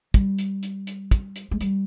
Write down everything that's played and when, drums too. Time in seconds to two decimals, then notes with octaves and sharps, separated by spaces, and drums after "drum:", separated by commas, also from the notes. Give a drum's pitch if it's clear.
0.14 G3, drum: kick, hi-hat
0.39 drum: hi-hat
0.63 drum: hi-hat
0.87 drum: hi-hat
1.11 drum: kick, hi-hat
1.36 drum: hi-hat
1.51 G#3
1.61 G3, drum: hi-hat